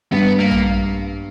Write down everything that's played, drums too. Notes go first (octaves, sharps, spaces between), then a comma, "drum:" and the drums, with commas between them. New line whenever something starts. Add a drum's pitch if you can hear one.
G2 B3
A#3
drum: tom A#1